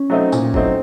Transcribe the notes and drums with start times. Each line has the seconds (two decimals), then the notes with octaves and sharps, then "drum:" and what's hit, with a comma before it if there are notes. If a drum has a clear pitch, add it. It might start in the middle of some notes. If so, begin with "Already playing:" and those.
Already playing: C#4
0.10 F#3 A3 C4 D#4
0.32 A#2, drum: tambourine
0.54 F#3 A3 C4 D#4, drum: kick F#1